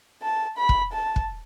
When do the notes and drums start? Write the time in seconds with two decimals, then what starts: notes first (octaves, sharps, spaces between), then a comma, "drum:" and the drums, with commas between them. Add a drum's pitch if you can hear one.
0.23 A5
0.58 B5
0.69 drum: kick
0.93 A5
1.16 drum: kick